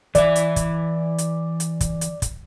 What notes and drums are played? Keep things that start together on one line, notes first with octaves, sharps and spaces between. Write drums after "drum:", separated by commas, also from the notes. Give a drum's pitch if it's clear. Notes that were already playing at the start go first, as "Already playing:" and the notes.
E3 D5 E5, drum: kick, hi-hat
drum: hi-hat
drum: kick, hi-hat
drum: hi-hat
drum: hi-hat
drum: kick, hi-hat
drum: hi-hat
drum: kick, hi-hat